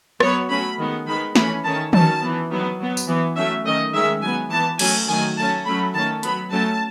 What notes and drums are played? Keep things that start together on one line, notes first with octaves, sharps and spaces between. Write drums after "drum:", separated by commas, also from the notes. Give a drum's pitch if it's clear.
F#3 B3 C#5, drum: rim click
F#3 A3 C#4 B5
D#3 G#3 B3
D#3 G#3 B3 B5
E3 A3 C#4 B5, drum: snare
D#3 A3 C#4 A5
D#3 F#3 C#4 A5, drum: tom
E3 B3
D#3 F#3 B3
F#3 B3
drum: tambourine
E3 B3
F#3 A3 C#4 E5
D#3 A3 C#4 D#5
D#3 G#3 C#4 E5
F#3 B3 G#5
E3 B3 A5
F#3 A3 C#4 G#5, drum: cymbal
D#3 F#3 A3 G#5
F#3 A3 C#4 A5
F#3 A3 C#4 B5
D#3 A3 C#4 A5
F#3 B3 B5, drum: hi-hat
F#3 A3 C#4 A5